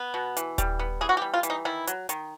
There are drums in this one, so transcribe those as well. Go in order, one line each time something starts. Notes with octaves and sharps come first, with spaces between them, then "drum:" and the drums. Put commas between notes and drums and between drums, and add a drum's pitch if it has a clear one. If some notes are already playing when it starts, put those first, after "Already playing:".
Already playing: B3
B2
E3, drum: hi-hat
G3, drum: kick D#1, hi-hat
B3
E3 G#4
F#4
G4
G3
F4
E3, drum: hi-hat
D#4
D#3 E4
F#3, drum: hi-hat
D#3, drum: hi-hat